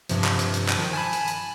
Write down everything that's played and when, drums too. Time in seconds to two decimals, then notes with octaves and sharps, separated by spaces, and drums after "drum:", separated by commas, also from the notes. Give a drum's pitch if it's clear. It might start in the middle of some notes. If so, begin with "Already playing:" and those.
0.09 G2 C3 F3, drum: hi-hat
0.24 drum: clap
0.39 drum: hi-hat
0.54 drum: hi-hat
0.69 drum: clap
0.78 D#3 F3
0.93 G#5 A5 B5
1.13 drum: hi-hat
1.28 drum: hi-hat